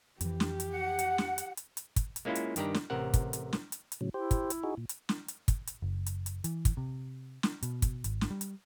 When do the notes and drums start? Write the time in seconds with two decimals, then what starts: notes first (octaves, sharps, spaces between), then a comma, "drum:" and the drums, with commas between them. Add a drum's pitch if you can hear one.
0.21 F2 E3 G4, drum: hi-hat
0.40 drum: snare
0.60 drum: hi-hat
0.71 F#5
0.99 drum: hi-hat
1.18 drum: snare
1.38 drum: hi-hat
1.57 drum: hi-hat
1.77 drum: hi-hat
1.96 drum: kick, hi-hat
2.16 drum: hi-hat
2.25 G#3 A#3 C#4 E4 F4
2.35 drum: hi-hat
2.56 G2 D#3 G4 D5 A#5, drum: hi-hat
2.74 drum: snare
2.90 A1 C3 A#4 F#5
3.14 drum: kick, hi-hat
3.33 drum: hi-hat
3.53 drum: snare
3.72 drum: hi-hat
3.92 drum: hi-hat
4.01 A2 C#3 F#3
4.14 E4 G4 C5
4.31 drum: kick, hi-hat
4.50 drum: hi-hat
4.63 D#4 F#4 G#4
4.77 A#2
4.89 drum: hi-hat
5.09 drum: snare
5.28 drum: hi-hat
5.48 drum: kick, hi-hat
5.67 drum: hi-hat
5.82 F#1
6.06 drum: hi-hat
6.26 drum: hi-hat
6.44 E3, drum: hi-hat
6.65 drum: kick, hi-hat
6.77 C3
7.43 drum: snare
7.63 B2, drum: hi-hat
7.82 drum: kick, hi-hat
8.04 G#1, drum: hi-hat
8.21 drum: snare
8.30 G3
8.41 drum: hi-hat